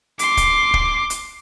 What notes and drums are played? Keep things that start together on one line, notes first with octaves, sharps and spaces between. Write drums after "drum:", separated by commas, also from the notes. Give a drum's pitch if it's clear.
C6 D6, drum: hi-hat
drum: kick, hi-hat
drum: kick
drum: hi-hat